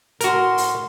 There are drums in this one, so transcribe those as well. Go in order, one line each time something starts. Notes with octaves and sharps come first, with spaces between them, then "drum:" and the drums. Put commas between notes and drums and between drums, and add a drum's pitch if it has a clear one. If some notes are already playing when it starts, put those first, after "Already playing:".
A2 F#4 A#4 C6, drum: hi-hat
drum: open hi-hat